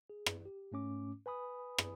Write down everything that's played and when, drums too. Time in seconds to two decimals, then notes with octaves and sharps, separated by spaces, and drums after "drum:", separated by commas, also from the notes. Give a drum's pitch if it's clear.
0.10 G#4
0.26 drum: rim click
0.45 G4
0.72 G#2 A3 C#4 D6
1.26 B4 G#5 B5 D#6
1.78 drum: rim click